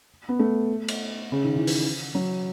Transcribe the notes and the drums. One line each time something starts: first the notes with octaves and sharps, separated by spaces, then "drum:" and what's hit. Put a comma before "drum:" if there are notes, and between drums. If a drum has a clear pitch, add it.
B3
A3
drum: cymbal
C#3
D#3
E3
drum: open hi-hat
F#3